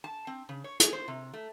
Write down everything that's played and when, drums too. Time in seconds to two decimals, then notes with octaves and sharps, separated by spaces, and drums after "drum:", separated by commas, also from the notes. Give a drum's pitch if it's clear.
0.04 A5
0.27 C4
0.49 C#3
0.64 C#5
0.80 G#4, drum: hi-hat
0.93 C5
1.08 C3
1.34 A3